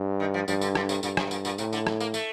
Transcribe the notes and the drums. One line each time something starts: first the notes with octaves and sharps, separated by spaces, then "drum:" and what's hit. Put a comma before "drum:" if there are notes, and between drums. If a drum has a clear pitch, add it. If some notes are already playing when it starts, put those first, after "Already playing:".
Already playing: G2
D#3
F3
G2 F3, drum: tambourine
D3, drum: tambourine
D3, drum: rim click
C3, drum: tambourine
G2 A#2, drum: tambourine
C3, drum: rim click
C3
A#2, drum: tambourine
A#2, drum: tambourine
A2 C3, drum: tambourine
D3, drum: tambourine
drum: rim click
A#3, drum: tambourine
A3, drum: tambourine